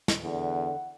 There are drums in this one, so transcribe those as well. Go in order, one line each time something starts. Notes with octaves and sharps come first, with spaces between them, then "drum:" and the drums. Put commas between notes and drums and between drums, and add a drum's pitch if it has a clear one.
drum: snare
E2 D3 F#5